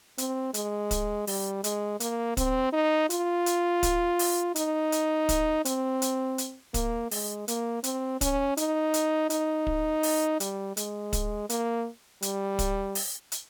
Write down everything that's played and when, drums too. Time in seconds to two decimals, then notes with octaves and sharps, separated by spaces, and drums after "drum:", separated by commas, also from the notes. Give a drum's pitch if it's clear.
0.18 C4, drum: hi-hat
0.54 G#3, drum: hi-hat
0.91 drum: kick, hi-hat
1.27 G3, drum: open hi-hat
1.64 G#3, drum: hi-hat
2.00 A#3, drum: hi-hat
2.37 C4, drum: kick, hi-hat
2.73 D#4
3.10 F4, drum: hi-hat
3.46 drum: hi-hat
3.83 drum: kick, hi-hat
4.19 drum: open hi-hat
4.56 D#4, drum: hi-hat
4.92 drum: hi-hat
5.29 drum: kick, hi-hat
5.65 C4, drum: hi-hat
6.02 drum: hi-hat
6.38 drum: hi-hat
6.74 A#3, drum: kick, hi-hat
7.11 G#3, drum: open hi-hat
7.48 A#3, drum: hi-hat
7.84 C4, drum: hi-hat
8.21 C#4, drum: kick, hi-hat
8.57 D#4, drum: hi-hat
8.94 drum: hi-hat
9.30 D#4, drum: hi-hat
9.67 drum: kick
10.03 drum: open hi-hat
10.40 G3, drum: hi-hat
10.77 G#3, drum: hi-hat
11.13 drum: kick, hi-hat
11.50 A#3, drum: hi-hat
12.22 G3, drum: hi-hat
12.59 drum: kick, hi-hat
12.95 drum: open hi-hat
13.32 drum: hi-hat